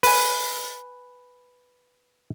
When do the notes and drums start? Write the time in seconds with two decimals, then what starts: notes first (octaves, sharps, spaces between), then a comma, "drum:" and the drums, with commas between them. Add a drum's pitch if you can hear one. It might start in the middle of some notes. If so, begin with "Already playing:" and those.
0.03 B4 G#5, drum: open hi-hat